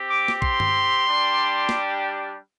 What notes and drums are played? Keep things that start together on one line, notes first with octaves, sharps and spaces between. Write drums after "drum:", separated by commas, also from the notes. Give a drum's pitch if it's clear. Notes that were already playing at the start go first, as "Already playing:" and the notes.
Already playing: C4 G4
D6
drum: snare
C6, drum: kick A#1
drum: tom G2
G3 D4 G4
drum: snare